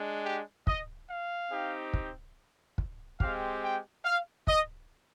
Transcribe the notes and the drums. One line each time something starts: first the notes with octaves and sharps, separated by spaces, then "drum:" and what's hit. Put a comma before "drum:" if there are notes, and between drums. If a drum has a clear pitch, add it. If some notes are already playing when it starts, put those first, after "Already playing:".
Already playing: G#3 D4
G4
D#5, drum: kick
F5
C4 D#4 G4
drum: kick
drum: kick
G#3 C4 G4 F5, drum: kick
G5
F5
D#5, drum: kick